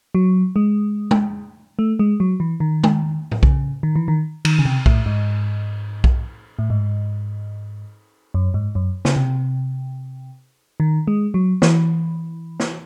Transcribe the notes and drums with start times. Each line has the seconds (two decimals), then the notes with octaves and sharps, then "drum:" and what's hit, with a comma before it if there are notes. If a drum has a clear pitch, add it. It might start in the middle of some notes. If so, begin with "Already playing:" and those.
0.15 F#3
0.56 G#3
1.11 drum: tom G#3
1.79 A3
1.99 G#3
2.20 F#3
2.40 E3
2.60 D#3
2.84 drum: tom G#3
3.32 drum: tom A2
3.43 C#3, drum: kick B1
3.83 D#3
3.96 E3
4.08 D#3
4.45 D#3, drum: cymbal
4.59 C#3
4.65 C3
4.86 A2, drum: kick B1
5.06 G#2
6.04 drum: kick B1
6.59 A2
6.70 G#2
8.34 F#2
8.54 G#2
8.75 F#2
9.05 C#3, drum: snare
9.16 C3
10.80 D#3
11.07 G#3
11.34 F#3
11.62 E3, drum: snare
12.60 drum: snare